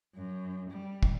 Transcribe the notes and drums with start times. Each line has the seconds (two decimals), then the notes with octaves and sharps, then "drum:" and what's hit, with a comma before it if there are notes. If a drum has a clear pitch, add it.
0.15 F#2
0.71 G3
1.03 drum: kick